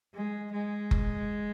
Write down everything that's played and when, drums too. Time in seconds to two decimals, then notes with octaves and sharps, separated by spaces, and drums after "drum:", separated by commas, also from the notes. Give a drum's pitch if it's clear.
0.15 G#3
0.53 G#3
0.91 drum: kick F#1